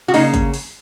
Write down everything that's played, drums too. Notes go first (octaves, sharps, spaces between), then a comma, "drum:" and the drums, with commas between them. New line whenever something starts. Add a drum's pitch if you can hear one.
F#4
C#3 A#3 C#4 D#4, drum: open hi-hat
drum: kick, hi-hat
drum: open hi-hat